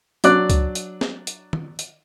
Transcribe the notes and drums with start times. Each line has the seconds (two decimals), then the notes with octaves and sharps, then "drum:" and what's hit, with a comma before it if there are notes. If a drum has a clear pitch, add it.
0.24 F#3 D4 D5 F#6, drum: hi-hat
0.50 drum: kick C#2, hi-hat
0.75 drum: hi-hat
1.01 drum: snare
1.27 drum: hi-hat
1.53 drum: tom
1.79 drum: hi-hat